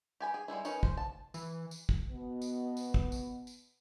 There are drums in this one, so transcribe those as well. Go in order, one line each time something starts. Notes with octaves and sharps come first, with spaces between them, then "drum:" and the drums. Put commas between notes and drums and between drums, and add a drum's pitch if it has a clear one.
G4 G#5 B5
G#4
G3 G#3 D#4 E4
C#4 D#4 A#4 B4 C#5, drum: tambourine
C5, drum: kick
A5
E3, drum: tambourine
drum: tambourine
drum: kick
B2 B3
drum: tambourine
drum: tambourine
drum: kick
drum: tambourine
drum: tambourine